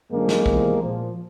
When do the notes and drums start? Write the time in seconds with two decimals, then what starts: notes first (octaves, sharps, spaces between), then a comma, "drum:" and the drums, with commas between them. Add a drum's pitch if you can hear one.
0.11 F#2 D3 F3 G#3 A#3
0.29 drum: snare
0.46 E2 C3 F3, drum: kick
0.82 A#2 F3